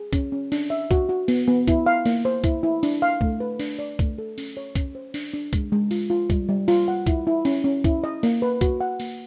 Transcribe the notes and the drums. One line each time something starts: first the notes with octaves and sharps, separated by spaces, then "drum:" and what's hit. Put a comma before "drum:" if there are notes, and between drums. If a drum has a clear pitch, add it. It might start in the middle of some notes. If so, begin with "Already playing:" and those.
Already playing: G#4
C#4, drum: kick C2, hi-hat
C#4
D4, drum: open hi-hat
E5
F#4, drum: kick C2, hi-hat
F#4
B3, drum: open hi-hat
B3
E4, drum: kick C2, hi-hat
F5
A#3, drum: open hi-hat
C5
E4, drum: kick C2, hi-hat
E4
D4, drum: open hi-hat
F5
A3, drum: kick C2
B4
D4, drum: open hi-hat
D5
A3, drum: kick C2, hi-hat
A4
C#4, drum: open hi-hat
C#5
C#4, drum: kick C2, hi-hat
C5
D4, drum: open hi-hat
D4
G#3, drum: kick C2, hi-hat
G#3
F4, drum: open hi-hat
F4
G3, drum: kick C2, hi-hat
G3
F4, drum: open hi-hat
F#5
E4, drum: kick C2, hi-hat
E4
C#4, drum: open hi-hat
C#4
E4, drum: kick C2, hi-hat
D#5
A#3, drum: open hi-hat
B4
F#4, drum: kick C2, hi-hat
F#5
A#3, drum: open hi-hat